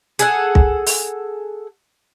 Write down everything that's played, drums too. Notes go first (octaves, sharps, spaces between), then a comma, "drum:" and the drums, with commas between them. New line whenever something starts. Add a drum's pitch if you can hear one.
G#4 A4 F#5, drum: hi-hat
drum: kick
drum: open hi-hat